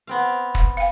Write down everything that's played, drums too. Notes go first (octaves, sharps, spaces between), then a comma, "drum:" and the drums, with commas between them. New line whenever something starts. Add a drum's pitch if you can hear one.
B3 C4 F5
drum: kick
F5 G5